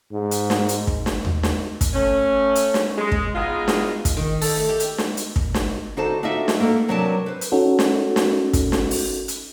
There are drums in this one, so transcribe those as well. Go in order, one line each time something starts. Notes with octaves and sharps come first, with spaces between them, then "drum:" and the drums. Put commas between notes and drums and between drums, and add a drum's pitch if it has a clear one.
G#2
drum: hi-hat
drum: snare
drum: hi-hat
drum: kick
drum: snare
drum: tom D#2
drum: snare
drum: kick, hi-hat
A3 C#4
drum: hi-hat
drum: snare
G#3
drum: kick
G#3 B3 D#4 F4 G#4
drum: snare
drum: kick, hi-hat
D#3
A4, drum: open hi-hat
A3
G4
drum: hi-hat
drum: snare
drum: hi-hat
drum: kick
drum: snare
D3 D#4 F#4 A4 C5 A5
D4 D#4 F4 F#4 A4 E5
drum: snare
A#3 B3 A4
C3 F#3 D4 A#4 B4 A5
B4 C5
drum: hi-hat
C#4 D#4 F#4 A4
drum: snare
drum: snare
drum: kick, hi-hat
drum: snare
drum: open hi-hat
drum: hi-hat